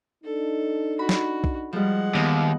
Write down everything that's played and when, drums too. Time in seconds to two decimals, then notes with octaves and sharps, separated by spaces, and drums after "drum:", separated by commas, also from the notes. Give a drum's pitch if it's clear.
0.24 D4 D#4 A4
0.99 F#4 B5
1.09 drum: snare
1.44 drum: kick
1.73 F3 G3 G#3 F#5
2.15 D#2 B3 D#4 D#5